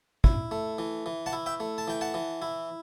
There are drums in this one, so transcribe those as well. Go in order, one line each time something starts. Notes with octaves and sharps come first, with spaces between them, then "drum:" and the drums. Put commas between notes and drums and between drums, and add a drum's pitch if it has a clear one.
E4, drum: kick
A3
E3
E3
F#5 A5
E4
E5 G5
A3
A5
E3 G5
F#5 A5
E3
E4